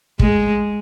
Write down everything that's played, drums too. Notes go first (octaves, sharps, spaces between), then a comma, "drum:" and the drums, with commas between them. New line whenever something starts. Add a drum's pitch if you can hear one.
G#3, drum: kick